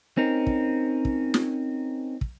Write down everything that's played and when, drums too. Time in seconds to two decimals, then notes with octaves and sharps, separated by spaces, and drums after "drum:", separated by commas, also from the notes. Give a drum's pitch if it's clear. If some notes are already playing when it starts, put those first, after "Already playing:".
0.17 C4 C#4 D#4 A#4
0.47 drum: kick
1.05 drum: kick
1.34 drum: snare
2.21 drum: kick